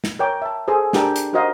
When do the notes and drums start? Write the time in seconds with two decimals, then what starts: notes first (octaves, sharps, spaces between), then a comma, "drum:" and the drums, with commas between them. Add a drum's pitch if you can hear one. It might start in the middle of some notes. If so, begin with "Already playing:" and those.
0.04 drum: snare
0.19 A#4 C#5 G5 D6
0.42 E5 A5
0.68 G#4 A4 C5
0.93 D4 G4 A#4 G5 A5, drum: snare
1.16 drum: hi-hat
1.33 D#4 F#4 A#4 C5 D#5 F5